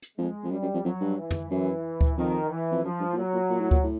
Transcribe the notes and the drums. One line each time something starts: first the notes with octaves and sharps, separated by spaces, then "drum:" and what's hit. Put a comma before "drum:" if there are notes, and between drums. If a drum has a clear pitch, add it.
drum: hi-hat
F2 G#3
F2
F#2 G3
F#2
F2
F2 F#3
G2
E3
drum: tom
F#2 E3
drum: kick D2
F2 D#3
E3
F2
F#2 F3
G2
A2
A#2 F#3
A#2
A#2
A2
A#2, drum: kick D2
A2